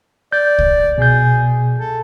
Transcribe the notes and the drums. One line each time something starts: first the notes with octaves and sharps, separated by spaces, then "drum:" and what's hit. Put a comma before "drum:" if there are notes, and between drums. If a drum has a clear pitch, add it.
D5 G6
drum: kick C2
B2 G#4 G6
A4